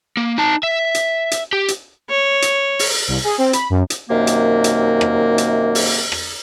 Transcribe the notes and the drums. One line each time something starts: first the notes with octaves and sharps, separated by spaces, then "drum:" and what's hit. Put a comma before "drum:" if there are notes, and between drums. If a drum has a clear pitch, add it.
A#3
D#4 A5
E5
drum: hi-hat
drum: hi-hat
G4
drum: hi-hat
C#5
drum: hi-hat
drum: open hi-hat
C2
G#4
C4
B5, drum: hi-hat
F#2
drum: hi-hat
F#2 C3 D#3 A#3
drum: hi-hat
drum: hi-hat
drum: rim click
drum: hi-hat
drum: open hi-hat
drum: rim click